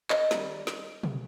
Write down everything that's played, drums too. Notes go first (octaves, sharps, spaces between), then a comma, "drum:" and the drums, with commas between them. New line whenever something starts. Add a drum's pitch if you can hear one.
D#5, drum: clap
A#3, drum: snare
D#3 G3
drum: snare
drum: tom B2